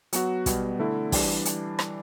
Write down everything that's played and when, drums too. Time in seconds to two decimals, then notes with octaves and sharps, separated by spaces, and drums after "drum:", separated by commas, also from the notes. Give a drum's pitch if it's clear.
0.13 F#3 B3 F#4, drum: hi-hat
0.46 B2 G3 B3, drum: kick, hi-hat
0.79 D3 A3 E4
1.12 E3 G3 D4, drum: kick, open hi-hat
1.45 drum: hi-hat
1.79 drum: rim click